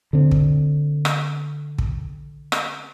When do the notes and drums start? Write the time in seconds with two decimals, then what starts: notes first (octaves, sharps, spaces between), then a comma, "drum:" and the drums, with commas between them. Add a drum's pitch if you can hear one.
0.13 D3 C4
0.31 drum: kick
1.05 drum: rim click
1.78 drum: kick
2.52 drum: rim click